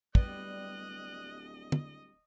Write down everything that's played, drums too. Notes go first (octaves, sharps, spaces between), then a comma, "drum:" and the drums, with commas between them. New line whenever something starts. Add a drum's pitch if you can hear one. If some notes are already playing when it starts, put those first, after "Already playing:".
D1 G3 B3 D#5 F#6, drum: kick
drum: tom